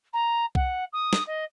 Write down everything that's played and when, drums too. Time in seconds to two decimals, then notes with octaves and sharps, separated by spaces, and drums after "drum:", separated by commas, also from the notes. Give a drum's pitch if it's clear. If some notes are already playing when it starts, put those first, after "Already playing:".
0.13 A#5
0.55 F#5, drum: kick C2
0.93 D#6
1.13 drum: snare
1.26 D#5